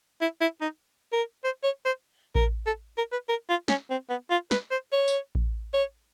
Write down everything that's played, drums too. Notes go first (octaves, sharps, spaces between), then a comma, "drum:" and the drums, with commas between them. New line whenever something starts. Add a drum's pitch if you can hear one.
E4
E4
D#4
A#4
C5
C#5
C5
A#4, drum: kick A1
A4
A#4
B4
A#4
F4
C#4, drum: snare
C4
B3
F4
B4, drum: snare
C5
C#5
drum: tambourine
drum: kick A1
C#5